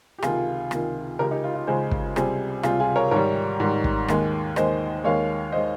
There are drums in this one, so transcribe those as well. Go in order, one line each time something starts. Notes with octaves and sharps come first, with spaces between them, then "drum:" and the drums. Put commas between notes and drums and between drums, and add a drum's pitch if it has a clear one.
G4
C#2 C3 D#3 F4 G#4, drum: rim click
C#2 C3 D#3, drum: rim click
C#2 C#3 G#3 G4 A#4
D#4 G4
F4
F4
C#2 C#3 G#3 G#4 C5
drum: kick
C#2 C3 G3 G#4 C5, drum: rim click
C#2 C3 G3 F4 G#4, drum: rim click
F4 G#4
A#4 C#5
G#2 D#3 G3 A#4 C#5
G#2 D#3 G3
drum: kick
D#2 D#3 G#3, drum: rim click
D#2 D#3 G#3 C5 D#5, drum: rim click
D#2 D#3 G#3 C#5 F5
C5 D#5
D#3 G#3